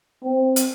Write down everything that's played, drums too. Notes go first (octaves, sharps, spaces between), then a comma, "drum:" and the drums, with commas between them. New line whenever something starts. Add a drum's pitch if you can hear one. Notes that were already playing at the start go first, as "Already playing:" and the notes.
C4
drum: hi-hat